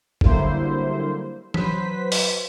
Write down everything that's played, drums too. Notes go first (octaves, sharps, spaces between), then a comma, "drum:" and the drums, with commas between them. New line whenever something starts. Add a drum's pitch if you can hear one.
D3 F#3 G3 A#3 E4 C5, drum: kick G1
F#3 B4 C5 B6, drum: tom E3
drum: open hi-hat